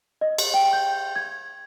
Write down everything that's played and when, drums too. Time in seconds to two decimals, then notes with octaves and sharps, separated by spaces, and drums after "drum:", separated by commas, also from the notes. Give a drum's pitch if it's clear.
0.21 D#5
0.38 drum: cymbal
0.54 G5
0.73 G6
1.16 G#6